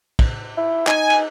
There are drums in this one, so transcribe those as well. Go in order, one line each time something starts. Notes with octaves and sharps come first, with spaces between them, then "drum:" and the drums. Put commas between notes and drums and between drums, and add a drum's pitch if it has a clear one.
drum: kick, cymbal
E4
D#4 G#5, drum: clap
drum: cymbal